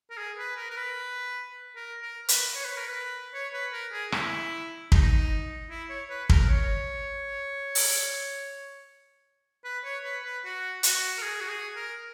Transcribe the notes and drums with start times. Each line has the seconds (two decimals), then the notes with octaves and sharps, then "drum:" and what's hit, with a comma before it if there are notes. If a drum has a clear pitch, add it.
0.10 A#4
0.17 G#4
0.38 B4
0.57 A#4
0.71 A#4
0.76 B4
1.76 A#4
2.02 A#4
2.29 B4, drum: hi-hat
2.55 C#5
2.65 B4
2.77 A#4
2.88 B4
3.34 C#5
3.53 B4
3.73 A#4
3.92 G#4
4.12 E4, drum: rim click
4.92 D#4, drum: kick
5.70 E4
5.89 C#5
6.10 B4
6.29 A#4, drum: kick
6.49 C#5
7.75 drum: open hi-hat
9.65 B4
9.84 C#5
10.04 B4
10.24 B4
10.44 F#4
10.83 F#4, drum: hi-hat
11.18 A#4
11.22 G#4
11.40 F#4
11.49 G#4
11.76 A#4